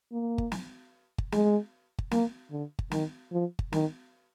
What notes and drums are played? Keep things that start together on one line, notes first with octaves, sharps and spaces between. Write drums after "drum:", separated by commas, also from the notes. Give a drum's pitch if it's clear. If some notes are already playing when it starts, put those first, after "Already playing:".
A#3
drum: kick G1
drum: snare
drum: kick G1
G#3, drum: snare
drum: kick G1
A#3, drum: snare
D3
drum: kick G1
D#3, drum: snare
F3
drum: kick G1
D#3, drum: snare